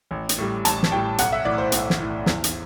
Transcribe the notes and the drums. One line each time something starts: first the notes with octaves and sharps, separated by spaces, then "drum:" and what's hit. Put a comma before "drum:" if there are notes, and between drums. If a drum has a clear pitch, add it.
A1
drum: hi-hat
A2 G3
A1 A5, drum: hi-hat
drum: snare
A2 G3 G5
B1 F#5, drum: hi-hat
E5
A2 E3 D5
C5
B1 C5, drum: hi-hat
drum: snare
A2 E3
E2, drum: snare
drum: hi-hat